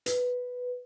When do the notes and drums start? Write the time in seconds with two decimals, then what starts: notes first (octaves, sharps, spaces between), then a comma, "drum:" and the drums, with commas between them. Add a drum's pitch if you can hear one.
0.06 B4, drum: hi-hat